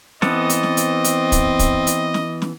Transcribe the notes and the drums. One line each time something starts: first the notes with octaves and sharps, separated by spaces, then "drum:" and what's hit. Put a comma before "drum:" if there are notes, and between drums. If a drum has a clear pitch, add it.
E3 B3 C4 A4 D#5, drum: snare
drum: hi-hat
drum: snare
drum: hi-hat
drum: hi-hat
drum: kick, hi-hat
drum: kick, hi-hat
drum: hi-hat
drum: snare
drum: snare